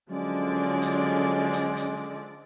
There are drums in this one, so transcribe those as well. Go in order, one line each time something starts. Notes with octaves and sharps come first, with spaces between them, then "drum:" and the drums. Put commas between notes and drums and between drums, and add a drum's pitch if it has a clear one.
D3 F3 F#3 G#3 C#4 D5
drum: hi-hat
drum: hi-hat
drum: hi-hat